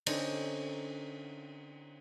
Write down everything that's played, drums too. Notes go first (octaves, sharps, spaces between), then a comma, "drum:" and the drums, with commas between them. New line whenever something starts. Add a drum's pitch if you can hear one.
D3 C4 C#4 D#4, drum: cymbal